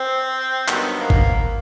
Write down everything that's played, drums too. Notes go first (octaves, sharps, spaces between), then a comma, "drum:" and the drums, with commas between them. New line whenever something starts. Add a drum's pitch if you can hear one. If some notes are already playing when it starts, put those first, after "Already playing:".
Already playing: C4
G2 D#3 F#3 B3, drum: clap
A#3
drum: kick G#1